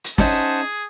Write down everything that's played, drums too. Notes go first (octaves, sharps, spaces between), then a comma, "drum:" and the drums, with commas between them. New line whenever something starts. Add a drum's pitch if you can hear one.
drum: hi-hat
C#4 D#4 G#4 C5 E5 F#5 A5, drum: snare